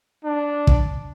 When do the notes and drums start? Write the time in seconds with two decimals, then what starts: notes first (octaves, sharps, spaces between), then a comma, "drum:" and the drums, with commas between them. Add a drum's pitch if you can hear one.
0.24 D4
0.67 drum: kick